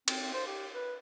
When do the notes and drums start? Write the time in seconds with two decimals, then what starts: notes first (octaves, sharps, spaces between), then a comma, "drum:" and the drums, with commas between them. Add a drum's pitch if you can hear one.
0.08 C4, drum: cymbal
0.34 C5
0.47 G4
0.74 B4